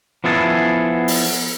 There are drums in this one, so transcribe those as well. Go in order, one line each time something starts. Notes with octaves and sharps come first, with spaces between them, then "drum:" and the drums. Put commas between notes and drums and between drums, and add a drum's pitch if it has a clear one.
F3 B3 E4 G#4 A4
drum: open hi-hat